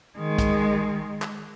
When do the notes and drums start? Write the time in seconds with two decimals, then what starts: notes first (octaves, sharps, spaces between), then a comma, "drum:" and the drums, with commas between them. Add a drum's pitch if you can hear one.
0.18 D#3 G#3
0.38 drum: kick, hi-hat
1.22 drum: clap